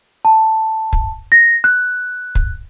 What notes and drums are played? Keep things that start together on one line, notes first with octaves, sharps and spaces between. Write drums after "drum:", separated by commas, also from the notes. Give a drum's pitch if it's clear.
A5
drum: kick
A#6
F#6
drum: kick